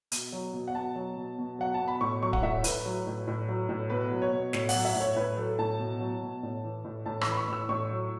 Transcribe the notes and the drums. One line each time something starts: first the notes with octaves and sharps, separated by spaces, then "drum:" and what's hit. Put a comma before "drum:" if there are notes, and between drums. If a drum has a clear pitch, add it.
B2, drum: hi-hat
F#3
B2
F#5
B2 A5
F#3
B2
B2
F#3 F#5
A5
B2
B5
A2 C#6
F#3 C#6
F#5, drum: kick D1
A2 E5
A2 B4, drum: hi-hat
F#3
A2
A2
F#3
A2
B2 B4
F#3
C#5
B2
A2 C#5, drum: snare
F#5, drum: open hi-hat
F#3
E5
A2
C#5
A2 B4
F#3 A4
A2 A5
B2
F#3
B2
A2
E3
A2
A2 A5
E6, drum: rim click
E3 B5
C#6
A2 E6
A2 C#6
F#3